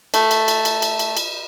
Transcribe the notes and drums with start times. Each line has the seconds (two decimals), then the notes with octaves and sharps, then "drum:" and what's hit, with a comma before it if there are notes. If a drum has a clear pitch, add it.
0.14 A3, drum: cymbal
0.31 drum: cymbal
0.48 drum: cymbal
0.65 drum: cymbal
0.82 drum: cymbal
0.99 drum: cymbal
1.17 drum: cymbal